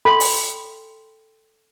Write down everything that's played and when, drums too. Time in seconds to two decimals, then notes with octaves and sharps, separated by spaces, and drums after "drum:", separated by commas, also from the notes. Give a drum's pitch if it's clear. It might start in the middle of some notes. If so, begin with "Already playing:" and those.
0.05 A4 G5 B5 C6
0.20 drum: open hi-hat